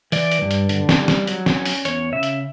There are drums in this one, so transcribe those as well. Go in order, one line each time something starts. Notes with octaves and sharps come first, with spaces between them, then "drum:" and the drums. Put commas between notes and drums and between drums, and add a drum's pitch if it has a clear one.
E3 D5, drum: open hi-hat
drum: hi-hat
G2
drum: hi-hat
D3, drum: hi-hat
drum: snare
G3
drum: snare
F#3, drum: hi-hat
drum: snare
C#4
drum: open hi-hat
E2 C#5, drum: hi-hat
C#3 E5
drum: hi-hat